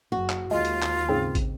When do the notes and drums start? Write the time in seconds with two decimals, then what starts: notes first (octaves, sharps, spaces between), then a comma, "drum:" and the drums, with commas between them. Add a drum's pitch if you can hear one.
0.12 F#1 F#4
0.30 drum: clap
0.51 D#2 G#3 F4
0.65 drum: hi-hat
0.82 drum: clap
1.09 G#2 C#3 C4
1.35 drum: kick, hi-hat